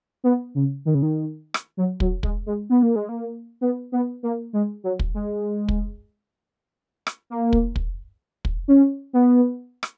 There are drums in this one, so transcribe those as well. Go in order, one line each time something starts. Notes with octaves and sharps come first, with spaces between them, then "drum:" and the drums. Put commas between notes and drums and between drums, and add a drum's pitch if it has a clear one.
B3
C#3
D#3
C#3
D#3
drum: rim click
F#3
F#3, drum: kick
G#3, drum: kick
G#3
B3
A#3
G#3
A#3
B3
B3
A#3
G#3
F#3
drum: kick
G#3
drum: kick
drum: rim click
A#3
drum: kick
drum: kick
drum: kick
C#4
B3
drum: rim click